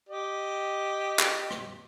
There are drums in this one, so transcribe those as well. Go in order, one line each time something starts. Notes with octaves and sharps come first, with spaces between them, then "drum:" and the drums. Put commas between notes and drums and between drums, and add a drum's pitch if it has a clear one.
G4 D#5
drum: clap
drum: rim click